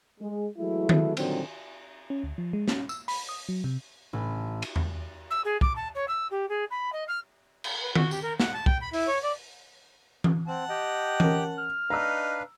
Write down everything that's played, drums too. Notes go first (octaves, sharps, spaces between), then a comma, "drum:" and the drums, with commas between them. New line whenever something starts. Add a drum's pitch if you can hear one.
G#3
E3 F#3 G#3 A3 E4
drum: tom D#3
A#2 D3 D#3 F#3 G3 C4, drum: cymbal
C#4
D2
F3
G#3
C#4, drum: snare
E6, drum: tambourine
B5, drum: open hi-hat
D#6
F#3
C3
A1
drum: cymbal
drum: tom E2
E6
G#4
D6, drum: kick
A5
C#5
E6
G4
G#4
B5
D#5
F6
drum: cymbal
B4
F#4, drum: tom D#3
G4, drum: tambourine
A#4
F#5, drum: snare
A5
G5, drum: kick
B5
E4, drum: open hi-hat
C#5
D5
drum: tom E3
C4 F#5 A5
G4 D#5 G5
C#4 A#4, drum: tom E3
F6
D4 D#4 B4 F5 A#5 E6